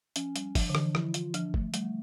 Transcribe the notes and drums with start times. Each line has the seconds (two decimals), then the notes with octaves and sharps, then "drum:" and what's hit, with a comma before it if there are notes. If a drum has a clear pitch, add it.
0.16 F3 C#4, drum: hi-hat
0.36 G3, drum: hi-hat
0.55 F3 D4, drum: kick, open hi-hat
0.70 D3
0.75 E3, drum: rim click
0.95 F3 E4, drum: rim click
1.14 F4, drum: hi-hat
1.34 F3 D4, drum: hi-hat
1.54 A3, drum: kick
1.74 G3 A3, drum: hi-hat